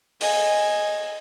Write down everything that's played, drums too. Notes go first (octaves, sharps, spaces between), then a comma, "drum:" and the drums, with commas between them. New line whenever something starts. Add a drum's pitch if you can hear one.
D#5 G#5, drum: open hi-hat